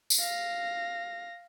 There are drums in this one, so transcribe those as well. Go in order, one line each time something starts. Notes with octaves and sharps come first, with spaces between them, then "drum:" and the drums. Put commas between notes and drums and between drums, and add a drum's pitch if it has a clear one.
drum: tambourine
F5 A#6